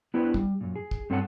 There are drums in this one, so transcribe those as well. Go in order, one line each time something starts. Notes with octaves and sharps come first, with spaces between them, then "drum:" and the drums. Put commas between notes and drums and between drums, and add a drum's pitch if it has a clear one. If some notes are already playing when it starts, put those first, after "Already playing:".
B3 D4 E4 G4 B4 C5
G3, drum: kick
F#2 A#2
G#4
drum: kick
G2 C4 A4 C#5 F#5 A5